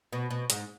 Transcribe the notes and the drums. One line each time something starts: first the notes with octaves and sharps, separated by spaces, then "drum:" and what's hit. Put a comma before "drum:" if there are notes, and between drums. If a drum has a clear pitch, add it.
B2
B2
G#2, drum: hi-hat